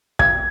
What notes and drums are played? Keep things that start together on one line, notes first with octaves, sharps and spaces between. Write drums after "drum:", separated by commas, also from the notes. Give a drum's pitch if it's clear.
G#6, drum: kick